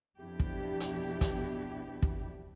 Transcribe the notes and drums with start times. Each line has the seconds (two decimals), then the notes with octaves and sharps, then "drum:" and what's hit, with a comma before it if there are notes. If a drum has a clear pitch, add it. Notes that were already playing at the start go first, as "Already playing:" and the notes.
0.19 F2 B2 B3 D4 E4 G4
0.40 drum: kick
0.80 drum: hi-hat
1.21 drum: kick, hi-hat
2.02 drum: kick